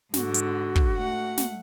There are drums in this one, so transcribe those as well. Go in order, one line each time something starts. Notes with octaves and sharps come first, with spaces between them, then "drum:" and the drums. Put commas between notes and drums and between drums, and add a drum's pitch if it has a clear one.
G#2 D3 F#4, drum: snare
drum: hi-hat
drum: kick
A3 F#5
drum: snare